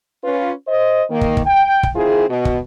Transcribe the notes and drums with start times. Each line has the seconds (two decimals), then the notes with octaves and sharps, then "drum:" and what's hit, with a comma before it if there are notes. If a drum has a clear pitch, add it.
0.24 C#4 F4 B4
0.67 C5 D#5
1.10 D#3 A#3
1.21 drum: kick
1.37 drum: kick
1.46 G5
1.83 drum: kick
1.96 D#3 C4 E4 F4 G#4
2.30 B2
2.45 drum: kick